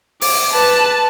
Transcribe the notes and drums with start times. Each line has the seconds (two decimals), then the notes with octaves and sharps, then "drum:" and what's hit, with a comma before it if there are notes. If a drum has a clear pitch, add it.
0.21 D6, drum: open hi-hat
0.53 B4 A5